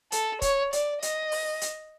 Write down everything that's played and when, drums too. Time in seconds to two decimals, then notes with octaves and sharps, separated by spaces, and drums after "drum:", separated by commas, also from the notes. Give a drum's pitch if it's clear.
0.12 A4, drum: hi-hat
0.42 C#5, drum: kick, hi-hat
0.73 D5, drum: hi-hat
1.02 D#5, drum: hi-hat
1.32 drum: open hi-hat
1.61 drum: hi-hat